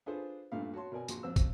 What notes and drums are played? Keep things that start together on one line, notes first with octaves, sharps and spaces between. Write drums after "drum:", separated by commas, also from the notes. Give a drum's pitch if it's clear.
D4 F4 G#4 A4 B4 C5
G2 A#2 A3 F5
F#4 C#5 A5 C6
B2 A#4 D5 G#5
A#1 F#4 C6, drum: tambourine
F2 C4 E6
drum: kick, tambourine